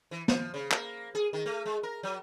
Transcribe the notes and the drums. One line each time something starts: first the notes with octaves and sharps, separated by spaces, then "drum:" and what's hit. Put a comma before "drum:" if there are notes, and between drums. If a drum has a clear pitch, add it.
E3
F3, drum: snare
C#3
A#3, drum: clap
G#4
D#3
A3
G#3
A#4
F#3